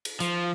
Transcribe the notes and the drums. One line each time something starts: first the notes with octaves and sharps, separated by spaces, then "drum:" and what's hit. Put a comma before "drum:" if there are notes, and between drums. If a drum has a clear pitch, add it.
drum: cymbal
F3, drum: hi-hat